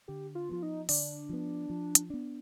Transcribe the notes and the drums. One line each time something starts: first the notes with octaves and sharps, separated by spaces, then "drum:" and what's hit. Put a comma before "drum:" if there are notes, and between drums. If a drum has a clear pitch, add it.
D3 G4
F4
F3 B3 F4
D#4
D3 D4, drum: open hi-hat
F3 B3
F3
drum: hi-hat
B3 D4